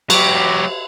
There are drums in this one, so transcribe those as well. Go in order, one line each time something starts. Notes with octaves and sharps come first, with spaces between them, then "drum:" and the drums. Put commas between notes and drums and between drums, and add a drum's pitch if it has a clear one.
F#3 G4, drum: cymbal